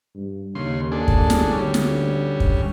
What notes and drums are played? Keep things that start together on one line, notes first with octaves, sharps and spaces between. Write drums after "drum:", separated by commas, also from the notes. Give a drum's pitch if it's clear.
G2
D#2 C#3 C6
D4 G#4 A4
drum: kick
drum: snare
D2 G3 C#4
drum: snare
drum: kick